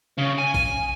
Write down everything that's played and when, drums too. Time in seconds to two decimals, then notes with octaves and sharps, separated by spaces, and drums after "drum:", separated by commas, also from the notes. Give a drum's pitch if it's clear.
0.18 C#3
0.38 G#5
0.54 drum: kick A#1, open hi-hat